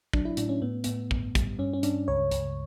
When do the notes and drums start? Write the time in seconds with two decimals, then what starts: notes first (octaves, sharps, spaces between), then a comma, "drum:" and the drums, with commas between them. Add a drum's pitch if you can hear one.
0.13 F#3 D4, drum: kick
0.25 E4
0.37 A2 D4, drum: hi-hat
0.49 C#4
0.62 A2 B3
0.84 A2 B3, drum: hi-hat
1.11 G2, drum: kick
1.35 G3, drum: kick, hi-hat
1.59 G2 C#4
1.73 C#4
1.83 G2 D4, drum: hi-hat
2.08 C#2 C#5
2.31 C#2, drum: hi-hat